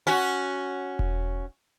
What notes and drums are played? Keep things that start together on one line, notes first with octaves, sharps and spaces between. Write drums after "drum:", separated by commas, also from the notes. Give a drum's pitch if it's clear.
C#4 F#4
drum: kick E1